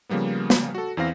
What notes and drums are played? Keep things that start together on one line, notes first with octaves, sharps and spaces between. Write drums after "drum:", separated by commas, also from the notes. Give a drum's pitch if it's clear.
C#3 F3 G3 A#3 B3
drum: snare
F#4 A4
E2 E3 C4 F5 A#6